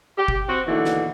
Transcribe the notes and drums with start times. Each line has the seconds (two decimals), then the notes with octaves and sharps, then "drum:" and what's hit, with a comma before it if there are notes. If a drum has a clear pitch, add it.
0.17 G4
0.28 drum: kick
0.49 C4 F#4
0.66 D#2 B2 D3 E3
0.85 drum: snare